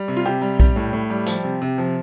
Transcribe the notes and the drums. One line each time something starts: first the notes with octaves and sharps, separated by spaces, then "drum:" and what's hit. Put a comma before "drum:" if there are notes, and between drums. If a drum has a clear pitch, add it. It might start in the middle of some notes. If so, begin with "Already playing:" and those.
Already playing: G3
C3
F4
C3 G4
G3
G3, drum: kick B1
A2
A2
G3
F3, drum: hi-hat
C3
C3
F3